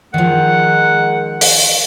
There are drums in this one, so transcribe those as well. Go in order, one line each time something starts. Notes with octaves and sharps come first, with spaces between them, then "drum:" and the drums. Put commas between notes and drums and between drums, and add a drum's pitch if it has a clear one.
D#3 F3 G#3 A#4 F#5
drum: open hi-hat